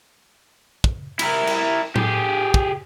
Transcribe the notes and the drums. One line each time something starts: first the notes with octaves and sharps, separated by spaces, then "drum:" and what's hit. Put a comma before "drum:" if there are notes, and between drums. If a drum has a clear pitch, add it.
drum: kick
E4 A#4, drum: cymbal
drum: cymbal
G4 G#4, drum: tom A2
drum: kick